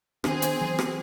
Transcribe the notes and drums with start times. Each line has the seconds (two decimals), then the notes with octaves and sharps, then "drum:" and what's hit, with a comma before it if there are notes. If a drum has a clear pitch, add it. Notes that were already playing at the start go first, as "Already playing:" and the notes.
0.24 D#3 B3 C4 D4 G#4, drum: rim click
0.42 drum: hi-hat
0.61 E3 F#3
0.79 drum: rim click